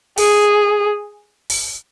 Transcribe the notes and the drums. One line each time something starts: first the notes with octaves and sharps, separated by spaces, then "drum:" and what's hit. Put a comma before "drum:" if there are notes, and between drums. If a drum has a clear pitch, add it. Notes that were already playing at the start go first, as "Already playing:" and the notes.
G#4, drum: open hi-hat
drum: open hi-hat